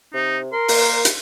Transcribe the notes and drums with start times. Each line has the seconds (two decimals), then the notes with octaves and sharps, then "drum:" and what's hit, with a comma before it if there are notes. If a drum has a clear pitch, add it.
0.14 C3 D#4
0.53 A#4 C6
0.68 A#3, drum: open hi-hat
1.05 drum: hi-hat